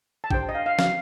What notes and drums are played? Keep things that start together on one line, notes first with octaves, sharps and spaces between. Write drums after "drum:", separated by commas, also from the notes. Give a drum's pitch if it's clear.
A5
D4 G4 C5 G5, drum: kick A1
D#5
F5
F5
F5, drum: snare